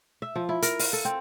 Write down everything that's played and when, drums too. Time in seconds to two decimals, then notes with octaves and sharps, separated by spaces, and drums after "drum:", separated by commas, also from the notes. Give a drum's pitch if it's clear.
0.22 E5
0.36 F3
0.49 E4
0.62 A#4, drum: hi-hat
0.79 F5, drum: open hi-hat
0.93 A4
1.05 C4